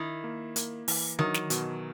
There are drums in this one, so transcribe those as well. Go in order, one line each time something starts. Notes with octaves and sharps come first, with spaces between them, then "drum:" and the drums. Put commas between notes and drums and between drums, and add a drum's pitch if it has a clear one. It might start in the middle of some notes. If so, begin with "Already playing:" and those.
Already playing: D#3 E4
A#3
A#3, drum: hi-hat
E3, drum: open hi-hat
D#3 F#3, drum: tom D#3
drum: snare
B2, drum: hi-hat